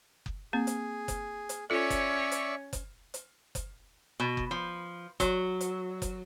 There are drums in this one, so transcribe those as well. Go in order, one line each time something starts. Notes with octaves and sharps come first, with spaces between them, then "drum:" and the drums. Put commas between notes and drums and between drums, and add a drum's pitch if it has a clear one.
drum: kick F#1
A#3 C4 G#4
drum: hi-hat
drum: kick F#1, hi-hat
drum: hi-hat
C#4 F4 A4 C#5 D5 E5 C#6
drum: kick F#1, hi-hat
drum: hi-hat
drum: kick F#1, hi-hat
drum: hi-hat
drum: kick F#1, hi-hat
B2
drum: kick F#1
F3
F#3, drum: kick F#1, hi-hat
drum: hi-hat
drum: kick F#1, hi-hat